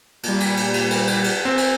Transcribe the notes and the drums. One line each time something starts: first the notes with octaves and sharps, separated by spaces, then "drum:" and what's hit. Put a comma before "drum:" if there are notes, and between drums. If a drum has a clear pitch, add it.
A#2 G3, drum: cymbal
drum: cymbal
drum: cymbal
drum: cymbal
drum: cymbal
drum: cymbal
drum: cymbal
C4
drum: cymbal